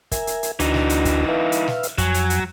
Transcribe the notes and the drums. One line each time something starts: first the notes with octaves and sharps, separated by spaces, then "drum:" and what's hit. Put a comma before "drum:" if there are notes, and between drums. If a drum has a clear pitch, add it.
A#4 E5 G#5, drum: kick, hi-hat
drum: hi-hat
drum: hi-hat
D2 E3 D4 D#4 F#4, drum: hi-hat
drum: snare
drum: hi-hat
drum: kick, hi-hat
B4 E5 F5
drum: hi-hat
drum: snare
drum: hi-hat
F2 F#3 G#5, drum: kick, hi-hat
drum: hi-hat
drum: hi-hat